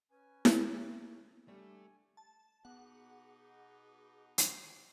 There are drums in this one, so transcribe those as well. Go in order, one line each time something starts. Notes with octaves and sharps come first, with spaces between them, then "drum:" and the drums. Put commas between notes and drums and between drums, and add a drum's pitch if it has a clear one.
C#4 B4 G#5
drum: snare E4
G3 A3 D4 G#5
A5
B2 B3 D#4 G#4 F#5 D6
drum: hi-hat